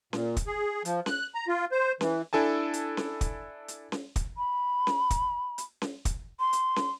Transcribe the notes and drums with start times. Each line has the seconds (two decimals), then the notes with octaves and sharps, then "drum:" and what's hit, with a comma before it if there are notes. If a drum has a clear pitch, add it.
0.13 A#2, drum: snare C#4
0.37 drum: kick, hi-hat
0.47 G#4
0.85 F3, drum: hi-hat
1.06 F#6, drum: snare C#4
1.35 A#5
1.48 F4
1.72 C5
2.01 E3, drum: snare C#4
2.33 D4 E4 A4 G#5 A5
2.74 drum: hi-hat
2.97 drum: snare C#4
3.21 drum: kick, hi-hat
3.68 drum: hi-hat
3.92 drum: snare C#4
4.16 drum: kick, hi-hat
4.37 B5
4.87 drum: snare C#4
5.10 drum: kick, hi-hat
5.58 drum: hi-hat
5.82 drum: snare C#4
6.05 drum: kick, hi-hat
6.40 C6
6.53 drum: hi-hat
6.76 drum: snare C#4